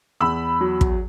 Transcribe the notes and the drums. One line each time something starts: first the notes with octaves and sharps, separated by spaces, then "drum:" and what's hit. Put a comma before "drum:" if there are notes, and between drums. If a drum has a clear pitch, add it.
E2 B5 E6
F#3
drum: kick